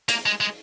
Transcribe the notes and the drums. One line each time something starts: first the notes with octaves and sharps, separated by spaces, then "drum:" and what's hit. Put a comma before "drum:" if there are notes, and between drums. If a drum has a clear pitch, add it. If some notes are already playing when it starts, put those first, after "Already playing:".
A#3, drum: hi-hat
G#3
G#3